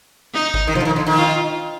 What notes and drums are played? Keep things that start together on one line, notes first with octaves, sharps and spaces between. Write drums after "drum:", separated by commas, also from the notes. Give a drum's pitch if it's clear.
D#4
drum: kick G1
D#3
F3, drum: tom B2
D3
D#3
D3
D#3
F4